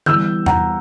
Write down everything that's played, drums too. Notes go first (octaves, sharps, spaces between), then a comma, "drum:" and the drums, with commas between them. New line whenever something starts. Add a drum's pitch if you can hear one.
E3 G3 B3 E6 G6, drum: tom
F#5 A#5, drum: tom E2